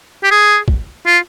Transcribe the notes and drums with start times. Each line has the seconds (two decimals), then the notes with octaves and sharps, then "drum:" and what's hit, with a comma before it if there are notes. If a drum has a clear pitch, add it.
0.24 G4
0.31 G#4
0.68 drum: kick
1.06 F4